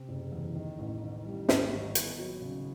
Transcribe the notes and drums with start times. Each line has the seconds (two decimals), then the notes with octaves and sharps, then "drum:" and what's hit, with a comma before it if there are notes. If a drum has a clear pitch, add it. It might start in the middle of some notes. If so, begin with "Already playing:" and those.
Already playing: C3
0.09 F#1
0.32 E2
0.55 D#3
0.78 A1
1.02 D#3
1.25 G3
1.49 G#1, drum: snare
1.72 D#3
1.95 B3, drum: hi-hat
2.18 F#3
2.42 C#3